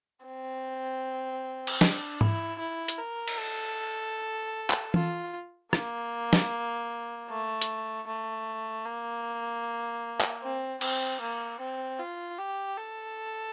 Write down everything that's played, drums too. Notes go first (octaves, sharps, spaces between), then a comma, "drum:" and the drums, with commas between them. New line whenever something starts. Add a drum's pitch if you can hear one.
C4
drum: cymbal
D4, drum: snare
E4, drum: tom G#2
E4
drum: hi-hat
A#4
drum: cymbal
A4
drum: clap
F4, drum: tom E3
A#3, drum: rim click
drum: snare
A3
drum: hi-hat
A3
A#3
drum: clap
C4
C4, drum: cymbal
A#3
C4
F4
G4
A4